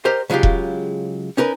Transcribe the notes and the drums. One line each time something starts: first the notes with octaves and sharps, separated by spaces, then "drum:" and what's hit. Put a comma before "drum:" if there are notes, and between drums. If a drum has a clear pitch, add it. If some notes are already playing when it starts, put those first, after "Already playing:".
G4 A#4 C5 D#5
C#3 F#3 G#3 F4 G4
drum: kick E1
C#4 D#4 A#4 B4